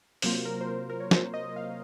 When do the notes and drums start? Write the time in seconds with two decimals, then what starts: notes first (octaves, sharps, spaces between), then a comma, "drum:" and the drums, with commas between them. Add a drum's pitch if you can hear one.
0.22 C3 F#3 A#3 F4 C5, drum: open hi-hat
0.45 A#4
0.61 C5
0.67 A#4
0.90 A#4
1.00 C#5
1.11 C5, drum: snare
1.34 D#5
1.56 F5